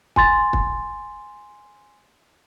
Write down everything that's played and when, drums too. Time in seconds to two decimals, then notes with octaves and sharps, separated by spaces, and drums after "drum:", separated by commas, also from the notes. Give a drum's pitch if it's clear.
0.16 G#5 C6 A6, drum: kick
0.53 drum: kick